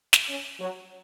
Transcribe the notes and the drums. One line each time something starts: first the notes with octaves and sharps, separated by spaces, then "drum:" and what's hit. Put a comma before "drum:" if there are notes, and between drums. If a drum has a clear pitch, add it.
drum: snare
C#4
F#3